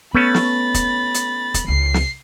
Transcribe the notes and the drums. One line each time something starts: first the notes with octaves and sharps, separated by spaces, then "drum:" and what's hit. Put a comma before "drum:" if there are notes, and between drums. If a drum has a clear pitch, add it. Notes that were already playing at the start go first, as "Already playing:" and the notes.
A3 B3 C#4 B5 A6
drum: snare
drum: kick, hi-hat
drum: hi-hat
drum: kick, hi-hat
C#2 C7
drum: snare